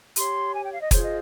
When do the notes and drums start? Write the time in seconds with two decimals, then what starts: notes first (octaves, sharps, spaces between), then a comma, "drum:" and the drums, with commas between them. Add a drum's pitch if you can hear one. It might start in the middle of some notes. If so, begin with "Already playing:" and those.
0.16 G4 C#5 C6, drum: hi-hat
0.53 G#5
0.62 G5
0.72 F5
0.81 D#5
0.91 F4 G#4 C5 C#5, drum: kick, hi-hat
1.03 D#5